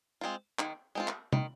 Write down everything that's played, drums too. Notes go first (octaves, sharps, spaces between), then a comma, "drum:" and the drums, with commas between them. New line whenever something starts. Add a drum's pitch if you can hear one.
G#3 C4 F4
D#3, drum: clap
G#3 C4 F4
drum: clap
D#3, drum: tom